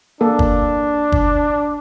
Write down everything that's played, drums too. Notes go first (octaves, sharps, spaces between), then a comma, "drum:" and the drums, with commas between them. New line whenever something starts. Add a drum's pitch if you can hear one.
A#3 D4 A4
drum: kick
drum: kick